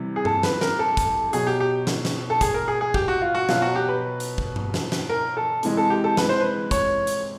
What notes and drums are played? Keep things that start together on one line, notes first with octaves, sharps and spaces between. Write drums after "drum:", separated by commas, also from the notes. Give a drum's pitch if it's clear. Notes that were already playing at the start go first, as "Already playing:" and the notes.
Already playing: C3 E3 G3
G#4
A4, drum: tom G2
B4, drum: snare
A#4, drum: snare
A4
drum: kick, hi-hat
B2 F#3 G#4, drum: hi-hat
G4
G4
drum: snare
drum: snare
A4
G#4, drum: kick, hi-hat
A#4
G#4
G#4
G4, drum: kick
F#4
F4
F#4
B2 F#3 F4, drum: snare
F#4
G4
B4
drum: hi-hat
drum: kick
drum: tom G2
drum: snare
drum: snare
A#4
A4
C3 E3 G#3, drum: hi-hat
A4
G4
A4
B4, drum: snare
C5
B4
C#5, drum: kick, hi-hat
drum: hi-hat